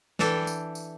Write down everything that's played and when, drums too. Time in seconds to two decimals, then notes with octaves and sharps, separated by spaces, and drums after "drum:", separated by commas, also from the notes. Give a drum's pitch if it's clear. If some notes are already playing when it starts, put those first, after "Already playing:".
0.19 E3 D4 A4 G5, drum: snare
0.47 drum: tambourine
0.75 drum: tambourine